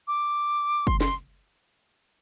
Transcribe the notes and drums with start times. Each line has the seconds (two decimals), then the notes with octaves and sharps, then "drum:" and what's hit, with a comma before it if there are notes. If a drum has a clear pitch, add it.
0.08 D6
0.87 C6, drum: kick
1.01 C6, drum: snare